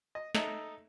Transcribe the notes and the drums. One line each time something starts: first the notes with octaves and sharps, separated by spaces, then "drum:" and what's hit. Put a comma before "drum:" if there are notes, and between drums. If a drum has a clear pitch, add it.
D#5
D#4 A4 E5 A#5, drum: snare